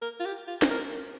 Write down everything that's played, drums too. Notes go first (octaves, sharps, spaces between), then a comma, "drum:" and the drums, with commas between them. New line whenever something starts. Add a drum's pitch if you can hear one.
A#4
F4
G4
F4
C5, drum: snare
A#4